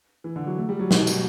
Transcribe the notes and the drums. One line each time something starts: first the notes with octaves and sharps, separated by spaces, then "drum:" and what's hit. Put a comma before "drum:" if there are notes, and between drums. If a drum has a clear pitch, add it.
E3
D3
F#3
A3
G3
F#3
B2, drum: snare
drum: tambourine